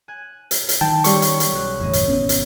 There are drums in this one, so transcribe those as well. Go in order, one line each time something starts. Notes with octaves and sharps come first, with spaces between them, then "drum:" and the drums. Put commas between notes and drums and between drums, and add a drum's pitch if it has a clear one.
G#5 F#6 G#6
drum: hi-hat
drum: hi-hat
D#3 F#3 G5 A5
G3 B3 C#4 C#6, drum: hi-hat
drum: hi-hat
drum: hi-hat
B1 F#4 F#6
G1 E2 A2 E4 C#5 D#5
drum: hi-hat
G#1 B3 C#4
drum: hi-hat